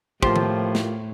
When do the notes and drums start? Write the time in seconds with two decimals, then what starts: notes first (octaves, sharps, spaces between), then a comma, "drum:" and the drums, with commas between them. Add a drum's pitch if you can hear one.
0.23 A2 F3 A#3 F4 G4 C5, drum: kick
0.36 drum: tom D#3
0.75 drum: snare